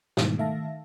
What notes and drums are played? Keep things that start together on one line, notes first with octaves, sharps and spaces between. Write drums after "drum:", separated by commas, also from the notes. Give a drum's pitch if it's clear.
G#2 B2 D#3 E3 G3, drum: snare
D#3 A3 E5 F5 A5 A#6